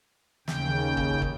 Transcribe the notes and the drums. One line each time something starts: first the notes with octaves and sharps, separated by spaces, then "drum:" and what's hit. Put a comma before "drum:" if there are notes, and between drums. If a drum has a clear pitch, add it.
D#2 C#3 G5, drum: snare
drum: kick
drum: kick